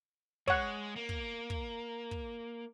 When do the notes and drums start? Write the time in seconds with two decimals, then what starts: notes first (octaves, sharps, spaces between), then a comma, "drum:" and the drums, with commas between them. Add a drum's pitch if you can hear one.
0.48 G#3 C#5 F#5, drum: kick
0.96 A#3
1.09 drum: kick
1.50 drum: kick
2.11 drum: kick